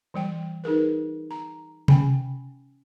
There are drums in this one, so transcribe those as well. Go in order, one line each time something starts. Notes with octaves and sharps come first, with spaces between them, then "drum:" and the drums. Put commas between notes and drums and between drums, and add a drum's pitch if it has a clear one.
E3 G3 G5
D#4 G#4 A#4 B4
A#5
C#4 G5 G#5 B5, drum: tom C3